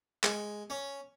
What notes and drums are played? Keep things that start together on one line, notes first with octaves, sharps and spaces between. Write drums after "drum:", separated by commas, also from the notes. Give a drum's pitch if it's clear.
G#3, drum: clap
C#4